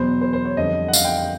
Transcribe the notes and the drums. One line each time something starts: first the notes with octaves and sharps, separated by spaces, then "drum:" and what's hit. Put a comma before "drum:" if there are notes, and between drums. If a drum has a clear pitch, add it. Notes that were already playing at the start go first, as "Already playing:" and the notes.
Already playing: E2 B2 F#3 B3 C5
C5
C5
C#5
F2 D3 G3 D#5
F#5
F5, drum: tambourine
G5
G5